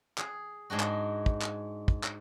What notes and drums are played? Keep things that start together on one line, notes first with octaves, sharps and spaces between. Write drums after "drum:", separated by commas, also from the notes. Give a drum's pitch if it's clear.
G#4, drum: clap
G#2 G#3 D4 F#4
drum: clap
drum: kick
drum: clap
drum: kick
drum: clap